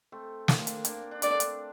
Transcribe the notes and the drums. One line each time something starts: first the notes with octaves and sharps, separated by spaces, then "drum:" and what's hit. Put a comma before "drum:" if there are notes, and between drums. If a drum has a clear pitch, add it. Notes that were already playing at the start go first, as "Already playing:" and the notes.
A3 C4
A#3 D4, drum: snare
drum: hi-hat
A#3 D4, drum: hi-hat
D4
A3 C4 D5, drum: hi-hat
drum: hi-hat